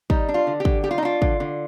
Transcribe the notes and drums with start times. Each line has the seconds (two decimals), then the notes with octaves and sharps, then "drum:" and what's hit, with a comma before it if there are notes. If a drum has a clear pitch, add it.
0.10 G3 D#4, drum: kick
0.29 D4
0.34 F4
0.47 D3
0.60 G4
0.65 D3, drum: kick
0.84 G3 G4
0.91 F4
0.98 D#4
1.03 D4 F4
1.22 D3, drum: kick
1.40 D3